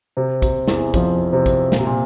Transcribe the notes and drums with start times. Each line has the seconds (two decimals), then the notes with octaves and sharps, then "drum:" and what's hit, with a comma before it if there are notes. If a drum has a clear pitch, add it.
0.17 C3
0.42 C3, drum: kick, hi-hat
0.68 E2 E3, drum: snare
0.94 F2 F3, drum: kick, hi-hat
1.33 C3
1.46 drum: kick, hi-hat
1.72 A#2, drum: snare
1.79 C3
1.87 A#2